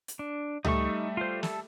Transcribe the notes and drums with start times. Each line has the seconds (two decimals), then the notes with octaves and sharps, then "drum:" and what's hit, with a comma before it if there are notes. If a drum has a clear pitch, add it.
0.08 drum: hi-hat
0.19 D4
0.65 G3 A3 D#4 E5 C#6, drum: tom C#2
1.17 F4 C5
1.43 A4, drum: snare